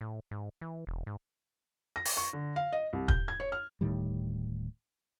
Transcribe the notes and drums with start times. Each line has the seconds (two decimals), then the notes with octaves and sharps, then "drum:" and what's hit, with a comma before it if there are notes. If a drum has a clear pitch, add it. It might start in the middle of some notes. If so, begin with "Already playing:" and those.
0.01 A2
0.31 G#2
0.61 E3
0.87 E1
1.07 G#2
1.96 A#6
2.05 drum: open hi-hat
2.17 C#6
2.33 D3
2.56 F5
2.73 D#5
2.93 C2
3.08 G6, drum: kick
3.28 G#6
3.40 C#5
3.52 F6
3.81 D1 A2 D#3 G3